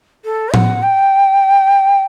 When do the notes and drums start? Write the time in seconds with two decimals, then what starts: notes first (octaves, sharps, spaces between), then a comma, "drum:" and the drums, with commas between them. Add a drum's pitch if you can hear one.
0.25 A4
0.54 F#5, drum: tom
0.83 G5